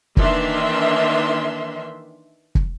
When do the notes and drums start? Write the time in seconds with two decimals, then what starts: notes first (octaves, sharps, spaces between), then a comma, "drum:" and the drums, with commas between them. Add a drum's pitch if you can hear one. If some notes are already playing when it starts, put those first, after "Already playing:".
0.17 D#3 E3 A#3 D4 E5 C6, drum: kick
2.55 drum: kick